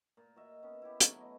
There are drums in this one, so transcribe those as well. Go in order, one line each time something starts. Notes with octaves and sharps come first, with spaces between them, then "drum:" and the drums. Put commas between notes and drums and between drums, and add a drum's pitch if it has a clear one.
A#2
F#4 D#5 E5
B3 C#4
E4 G4
B2 F#3 A3, drum: hi-hat
F#4 D#5